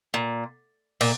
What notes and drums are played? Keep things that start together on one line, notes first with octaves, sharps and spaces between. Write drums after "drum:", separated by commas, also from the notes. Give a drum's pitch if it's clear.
A#2
A#2, drum: cymbal